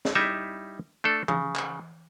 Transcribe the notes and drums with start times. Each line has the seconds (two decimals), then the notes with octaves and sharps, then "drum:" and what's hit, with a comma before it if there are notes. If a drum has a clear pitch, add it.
0.05 drum: snare
0.15 G3 D#4 E4 E5
1.04 A3 D4 A4
1.28 C#3, drum: tom E3
1.56 drum: clap